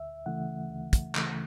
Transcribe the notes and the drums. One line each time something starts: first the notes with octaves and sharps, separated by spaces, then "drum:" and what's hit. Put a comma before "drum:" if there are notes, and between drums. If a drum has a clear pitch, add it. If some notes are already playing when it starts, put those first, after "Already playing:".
Already playing: D2 E5
C#3 E3 A3 F#5
D2
drum: kick, hi-hat
C#3 E3 A3, drum: clap